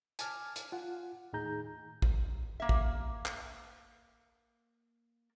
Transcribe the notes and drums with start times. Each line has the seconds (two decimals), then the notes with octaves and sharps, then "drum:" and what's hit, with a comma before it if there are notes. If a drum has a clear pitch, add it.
0.19 G#5 A5 D6 F6, drum: hi-hat
0.56 drum: hi-hat
0.72 F4 F#5
1.33 D#2 A2 D#4 G#4 A#5 G6
2.02 drum: kick
2.60 A#3 E5
2.69 drum: kick
3.26 drum: clap